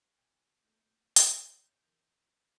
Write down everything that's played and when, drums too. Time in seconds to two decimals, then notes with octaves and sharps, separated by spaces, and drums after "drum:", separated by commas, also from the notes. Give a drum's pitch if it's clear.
0.18 B2 G5 G#5
0.63 A3 A#3 D#4 G6
1.16 G#4 C#5 E5, drum: hi-hat
1.84 E2 A#4 F7